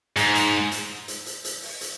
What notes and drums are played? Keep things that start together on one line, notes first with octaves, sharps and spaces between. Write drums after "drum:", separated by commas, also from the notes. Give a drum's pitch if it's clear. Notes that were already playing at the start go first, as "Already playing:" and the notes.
G#2, drum: hi-hat
drum: hi-hat
drum: hi-hat
drum: hi-hat
drum: hi-hat
drum: hi-hat
drum: open hi-hat
drum: hi-hat